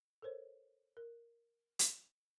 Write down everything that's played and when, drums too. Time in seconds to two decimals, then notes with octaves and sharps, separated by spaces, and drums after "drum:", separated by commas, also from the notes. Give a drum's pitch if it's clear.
0.22 A4 A#4 C5 C#5
0.97 A#4
1.79 drum: hi-hat